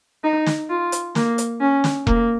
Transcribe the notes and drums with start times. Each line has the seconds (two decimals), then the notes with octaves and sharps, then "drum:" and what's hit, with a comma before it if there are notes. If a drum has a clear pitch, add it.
0.24 D#4
0.46 drum: snare
0.70 F4
0.92 drum: hi-hat
1.15 A#3, drum: snare
1.38 drum: hi-hat
1.61 C#4
1.84 drum: snare
2.07 A#3, drum: kick E1